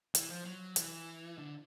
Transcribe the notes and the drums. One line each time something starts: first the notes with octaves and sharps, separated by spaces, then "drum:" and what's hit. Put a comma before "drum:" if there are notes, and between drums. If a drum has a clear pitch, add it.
E3, drum: hi-hat
F3
F#3
E3, drum: hi-hat
D3